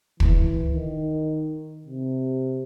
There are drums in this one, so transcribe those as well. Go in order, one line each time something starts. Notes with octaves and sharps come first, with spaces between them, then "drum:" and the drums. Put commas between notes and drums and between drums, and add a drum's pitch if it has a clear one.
E3, drum: kick
D#3
C3